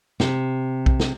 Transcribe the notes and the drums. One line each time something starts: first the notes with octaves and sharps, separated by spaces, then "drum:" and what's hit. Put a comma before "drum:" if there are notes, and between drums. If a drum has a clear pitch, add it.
C3, drum: snare
drum: kick B1
drum: snare